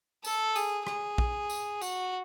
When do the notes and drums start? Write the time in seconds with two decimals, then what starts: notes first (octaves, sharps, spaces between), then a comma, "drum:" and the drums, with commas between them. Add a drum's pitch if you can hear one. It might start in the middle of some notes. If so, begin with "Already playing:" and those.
0.24 A4, drum: tambourine
0.56 G#4, drum: tambourine
0.87 G#4, drum: rim click
1.18 drum: kick
1.50 drum: tambourine
1.81 F#4, drum: tambourine